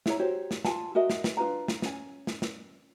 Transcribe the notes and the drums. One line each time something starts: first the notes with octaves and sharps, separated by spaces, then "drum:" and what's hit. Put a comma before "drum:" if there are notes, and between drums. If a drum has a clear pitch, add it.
E4 A4 C#5 A#5, drum: snare
F#4 G4 C5 C#5
drum: snare
F4 G#5 A5, drum: snare
F#4 A#4 D#5 E5
drum: snare
drum: snare
D4 F4 B4 A#5
drum: snare
C#4 G#5, drum: snare
drum: snare
drum: snare